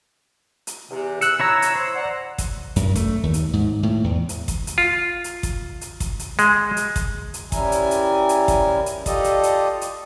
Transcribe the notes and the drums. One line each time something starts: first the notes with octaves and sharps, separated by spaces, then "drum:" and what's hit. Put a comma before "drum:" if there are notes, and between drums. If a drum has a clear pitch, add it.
drum: hi-hat
E2 C3 E3
E6 F#6 C#7, drum: hi-hat
E4 C#5 A#5
drum: hi-hat
C5
D5 F#5 A#5
drum: kick, hi-hat
F#2, drum: hi-hat
A3, drum: kick, hi-hat
D#2
drum: hi-hat
G#2
A2
E2
drum: hi-hat
drum: kick, hi-hat
drum: hi-hat
F4
drum: hi-hat
drum: kick, hi-hat
drum: hi-hat
drum: kick, hi-hat
drum: hi-hat
G#3, drum: hi-hat
drum: hi-hat
drum: kick, hi-hat
drum: hi-hat
C#3 G3 E4 A#4 G#5, drum: kick, hi-hat
drum: hi-hat
drum: hi-hat
drum: hi-hat
drum: kick, hi-hat
drum: hi-hat
F4 G4 A4 D5 D#5, drum: kick, hi-hat
drum: hi-hat
drum: hi-hat
drum: hi-hat